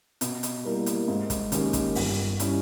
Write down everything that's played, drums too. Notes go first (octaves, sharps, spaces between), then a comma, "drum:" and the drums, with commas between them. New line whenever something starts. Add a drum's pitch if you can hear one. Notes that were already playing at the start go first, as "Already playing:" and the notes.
B2, drum: hi-hat
drum: hi-hat
G3 A#3 E4 A#4
drum: hi-hat
G#2
drum: kick, hi-hat
D#3 A#3 C#4 G4, drum: hi-hat
drum: kick, hi-hat
G1, drum: open hi-hat
G3 C#4 E4, drum: hi-hat